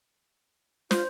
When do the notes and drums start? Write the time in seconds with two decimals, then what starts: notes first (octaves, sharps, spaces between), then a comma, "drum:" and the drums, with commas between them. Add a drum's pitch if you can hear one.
0.91 F4 C5, drum: snare